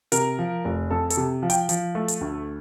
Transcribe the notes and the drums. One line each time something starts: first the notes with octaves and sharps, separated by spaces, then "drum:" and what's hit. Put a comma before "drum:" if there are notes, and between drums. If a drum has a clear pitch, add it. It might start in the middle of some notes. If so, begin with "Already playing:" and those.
C3 A#4, drum: hi-hat
F3
F1
F2 A4
A4, drum: hi-hat
C3
F3
G5, drum: hi-hat
F3, drum: hi-hat
A3
drum: hi-hat
D2